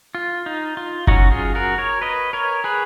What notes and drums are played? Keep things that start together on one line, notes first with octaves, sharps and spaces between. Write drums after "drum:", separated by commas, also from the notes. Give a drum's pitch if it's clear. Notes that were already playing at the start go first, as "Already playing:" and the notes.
F4
D#4
F4
F#3 C#4 D#4 F#4, drum: kick F#1
F4 G#4
F#4 A#4
A#4 C#5
B4 D#5
A#4 C#5
G#4 B4